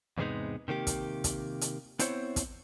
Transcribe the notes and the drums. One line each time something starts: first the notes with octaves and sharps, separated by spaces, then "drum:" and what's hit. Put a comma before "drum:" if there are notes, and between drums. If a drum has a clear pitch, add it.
E2 G#2 C3 G#3 B3 D#4
C3 D#3 A#3 G4
drum: kick, hi-hat
drum: kick, hi-hat
drum: hi-hat
B3 C4 E4 C5 C#5, drum: hi-hat
drum: kick, hi-hat